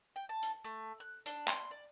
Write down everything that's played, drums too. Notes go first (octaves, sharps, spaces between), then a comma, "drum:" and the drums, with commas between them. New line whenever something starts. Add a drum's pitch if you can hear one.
G5
A5
drum: hi-hat
A3
F#6
D4, drum: hi-hat
C6, drum: clap
D5